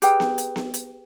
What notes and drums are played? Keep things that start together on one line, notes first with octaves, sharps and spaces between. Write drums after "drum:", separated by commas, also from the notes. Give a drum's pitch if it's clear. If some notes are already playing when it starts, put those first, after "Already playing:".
G4 G#4 B4 G5, drum: hi-hat
drum: snare B3
drum: hi-hat
drum: snare B3
drum: hi-hat